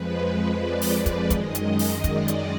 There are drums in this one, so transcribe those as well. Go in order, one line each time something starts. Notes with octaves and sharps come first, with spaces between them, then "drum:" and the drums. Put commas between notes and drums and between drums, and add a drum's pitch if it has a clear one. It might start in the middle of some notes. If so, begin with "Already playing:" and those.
Already playing: F2 F3 G#3 B4
D5
drum: open hi-hat
drum: kick, hi-hat
F#2 D#3 G#3 D#5, drum: kick, hi-hat
drum: hi-hat
drum: open hi-hat
D5, drum: kick, hi-hat
drum: hi-hat